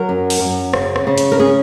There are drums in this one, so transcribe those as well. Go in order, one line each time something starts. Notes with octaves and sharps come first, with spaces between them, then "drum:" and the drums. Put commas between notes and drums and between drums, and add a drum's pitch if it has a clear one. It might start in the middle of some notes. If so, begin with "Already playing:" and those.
Already playing: F#3 A#4
F#2
drum: open hi-hat
F#2
C#3, drum: rim click
drum: rim click
C#3
drum: hi-hat
A#4
C#4 G#4